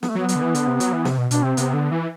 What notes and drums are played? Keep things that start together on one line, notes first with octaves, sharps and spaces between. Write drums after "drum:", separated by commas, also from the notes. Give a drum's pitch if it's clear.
B3, drum: snare
A3
F#3 B3
F#3, drum: hi-hat
D3
E3
D3, drum: hi-hat
C3
F#3, drum: hi-hat
E3
C3, drum: snare
B2
B2 D4, drum: hi-hat
C3 C4
C3 B3, drum: hi-hat
D3
E3